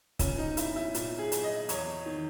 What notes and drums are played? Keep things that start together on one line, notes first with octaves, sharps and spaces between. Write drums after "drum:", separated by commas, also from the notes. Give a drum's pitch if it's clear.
A#2 C#4, drum: kick C#1, hi-hat
D#4
E4, drum: hi-hat
E4
A#2, drum: hi-hat
G#4
drum: hi-hat
D#5
E2 C#5, drum: hi-hat
D#3